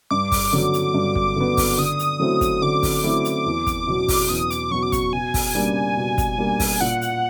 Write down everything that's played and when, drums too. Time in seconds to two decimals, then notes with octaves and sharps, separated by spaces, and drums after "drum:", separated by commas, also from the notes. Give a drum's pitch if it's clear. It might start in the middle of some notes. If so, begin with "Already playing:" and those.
0.11 G2 D6
0.32 drum: kick, open hi-hat
0.53 D3 F#3 B3
0.74 drum: hi-hat
0.94 G2
1.15 drum: kick
1.36 D3 F#3 B3
1.57 drum: kick, open hi-hat
1.78 D3 D#6
1.99 drum: hi-hat
2.20 F#3 A3 C4 E4
2.41 drum: kick, hi-hat
2.62 D3 D6
2.83 drum: kick, open hi-hat
3.04 F#3 A3 C4 E4
3.25 drum: hi-hat
3.45 E2
3.67 drum: kick, hi-hat
3.87 B2 F#3
4.08 drum: kick, open hi-hat
4.29 E2 D#6
4.50 D6, drum: hi-hat
4.71 B2 F#3 C#6
4.83 D6
4.92 C#6, drum: kick, hi-hat
5.13 B2 G#5
5.34 drum: kick, open hi-hat
5.55 G3 A#3 D4
5.97 B2
6.18 drum: kick, hi-hat
6.38 G3 A#3 D4
6.60 drum: kick, open hi-hat
6.81 A#2 F#5
7.01 drum: hi-hat